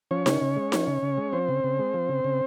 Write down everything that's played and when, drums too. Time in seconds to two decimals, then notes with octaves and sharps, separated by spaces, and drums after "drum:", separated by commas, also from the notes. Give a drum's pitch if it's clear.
0.11 F3 C#4 C#5
0.26 C#3, drum: snare D#4
0.41 C#3
0.56 G#3
0.72 F3, drum: snare D#4
0.87 C#3
1.02 C#3
1.17 G#3
1.32 F3 C4 C5
1.48 C#3
1.64 C#3
1.79 G#3
1.94 F3
2.09 C#3
2.24 C#3